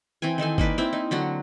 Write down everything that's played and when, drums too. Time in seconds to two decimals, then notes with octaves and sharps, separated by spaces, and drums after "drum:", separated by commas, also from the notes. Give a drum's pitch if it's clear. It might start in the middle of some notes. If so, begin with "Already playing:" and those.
0.22 E3 C4 G5 G#5
0.38 D#3 D#4 A4 G#5
0.58 A#3 D#4 B4 D5, drum: kick G1
0.78 C4 E4 E5
0.93 D#4
1.11 D3 F#3 F#4